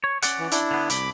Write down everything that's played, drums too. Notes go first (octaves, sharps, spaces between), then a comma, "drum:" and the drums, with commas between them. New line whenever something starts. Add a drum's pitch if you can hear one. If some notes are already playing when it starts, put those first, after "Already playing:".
C#5
C#4 D5 F#5, drum: hi-hat
E3
D4 E4, drum: hi-hat
D3 B3
C2 B5 D6, drum: hi-hat